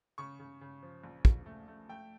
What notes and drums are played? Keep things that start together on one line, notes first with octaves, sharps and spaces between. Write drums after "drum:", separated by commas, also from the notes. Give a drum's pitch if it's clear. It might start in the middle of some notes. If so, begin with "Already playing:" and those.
C#3 C#6
C#3
C#3
F3
A#1
A#1, drum: kick
A3
A3
A3 G5